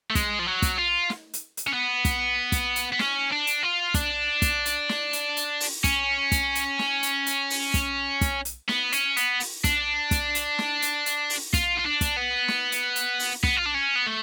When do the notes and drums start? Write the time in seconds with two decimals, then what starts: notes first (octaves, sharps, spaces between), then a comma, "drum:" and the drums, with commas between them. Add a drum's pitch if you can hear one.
0.10 A3
0.15 G#3, drum: kick, hi-hat
0.39 F3
0.47 F#3
0.62 drum: kick, hi-hat
0.78 F4
1.10 drum: snare
1.34 drum: hi-hat
1.57 drum: hi-hat
1.67 C#4
1.74 B3
2.05 drum: kick, hi-hat
2.52 drum: kick, hi-hat
2.76 drum: hi-hat
2.93 B3
2.99 C#4, drum: snare
3.32 D4
3.47 drum: hi-hat
3.63 F4
3.94 D4, drum: kick, hi-hat
4.42 drum: kick, hi-hat
4.66 drum: hi-hat
4.89 drum: snare
5.13 drum: hi-hat
5.37 drum: hi-hat
5.60 drum: open hi-hat
5.84 C#4, drum: kick, hi-hat
6.32 drum: kick, hi-hat
6.55 drum: hi-hat
6.79 drum: snare
7.03 drum: hi-hat
7.26 drum: hi-hat
7.50 drum: open hi-hat
7.74 drum: kick, hi-hat
8.21 drum: kick, hi-hat
8.45 drum: hi-hat
8.69 B3, drum: snare
8.92 C#4, drum: hi-hat
9.17 B3, drum: hi-hat
9.40 drum: open hi-hat
9.64 D4, drum: kick, hi-hat
10.11 drum: kick, hi-hat
10.35 drum: hi-hat
10.59 drum: snare
10.82 drum: hi-hat
11.06 drum: hi-hat
11.30 drum: open hi-hat
11.53 F4, drum: kick, hi-hat
11.78 F4
11.85 D4
12.01 drum: kick, hi-hat
12.16 B3
12.48 drum: snare
12.72 drum: hi-hat
12.96 drum: hi-hat
13.19 drum: open hi-hat
13.43 B3, drum: kick
13.57 F4
13.66 D4
13.74 C#4
13.96 B3
14.07 A3